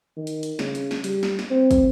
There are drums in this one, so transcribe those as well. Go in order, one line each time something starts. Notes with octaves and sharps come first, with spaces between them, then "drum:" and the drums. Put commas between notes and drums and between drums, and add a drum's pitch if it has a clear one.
D#3
drum: hi-hat
drum: hi-hat
C#3, drum: snare
drum: hi-hat
drum: snare
G3, drum: hi-hat
drum: snare
drum: snare
C4
drum: kick, hi-hat